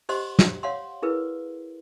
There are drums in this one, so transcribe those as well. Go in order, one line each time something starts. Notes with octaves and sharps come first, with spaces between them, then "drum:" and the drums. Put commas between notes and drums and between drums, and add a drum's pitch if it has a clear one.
G4 C5 D#5 F#5 C6, drum: open hi-hat
drum: snare
C#5 F5 F#5 C6
E4 G#4 A#4 B4